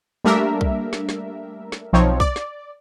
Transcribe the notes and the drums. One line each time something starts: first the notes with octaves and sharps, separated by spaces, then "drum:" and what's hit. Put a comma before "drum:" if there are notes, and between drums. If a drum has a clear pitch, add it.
G3 A3 A#3 D4 A#4 E5
drum: kick B1
drum: snare
drum: snare
drum: snare
B1 F3 C4 D#4 C#5
D5, drum: kick B1
drum: snare